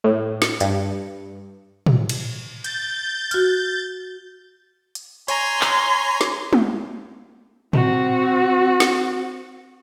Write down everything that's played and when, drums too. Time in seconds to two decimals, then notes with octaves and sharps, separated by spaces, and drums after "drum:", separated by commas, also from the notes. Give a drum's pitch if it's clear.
0.04 A2
0.42 drum: snare
0.60 G2, drum: hi-hat
1.86 drum: tom
2.09 drum: cymbal
2.64 G6 A6, drum: hi-hat
3.31 F#4 F6, drum: hi-hat
4.95 drum: hi-hat
5.28 C#5 G#5 A#5 C6, drum: hi-hat
5.61 drum: clap
6.21 drum: snare
6.53 drum: tom
7.73 C4 F#4, drum: tom
8.80 drum: snare